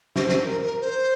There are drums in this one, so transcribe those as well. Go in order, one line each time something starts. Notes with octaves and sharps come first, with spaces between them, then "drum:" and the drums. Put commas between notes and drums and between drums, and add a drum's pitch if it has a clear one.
C5, drum: snare
drum: snare
A#4
A#4
C5